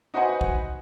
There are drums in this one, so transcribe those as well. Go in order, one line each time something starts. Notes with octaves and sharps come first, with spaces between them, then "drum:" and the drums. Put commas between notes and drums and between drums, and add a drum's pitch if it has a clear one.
D#4 F#4 B4 C5 F#5 G#5
drum: kick